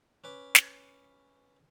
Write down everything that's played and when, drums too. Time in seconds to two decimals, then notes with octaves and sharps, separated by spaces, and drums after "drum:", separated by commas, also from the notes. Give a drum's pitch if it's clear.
0.24 C#4 B4 D6
0.55 drum: snare